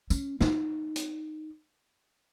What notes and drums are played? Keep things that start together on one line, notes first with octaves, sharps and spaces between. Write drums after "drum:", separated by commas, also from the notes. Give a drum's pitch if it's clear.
C#4, drum: tambourine
D#4, drum: snare
drum: hi-hat